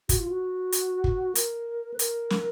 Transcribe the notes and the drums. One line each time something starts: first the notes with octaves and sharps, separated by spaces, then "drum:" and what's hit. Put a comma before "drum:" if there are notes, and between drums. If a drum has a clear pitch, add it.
F#4, drum: kick, hi-hat
F4
F#4
drum: hi-hat
drum: kick
A#4, drum: hi-hat
B4
A#4, drum: hi-hat
drum: snare